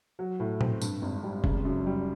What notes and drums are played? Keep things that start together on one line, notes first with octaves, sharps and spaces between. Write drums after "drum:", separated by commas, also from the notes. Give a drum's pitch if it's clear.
F#3
A2
C4, drum: tom A#2
G2, drum: tambourine
G#1
G3
C#3, drum: kick
F#2
G3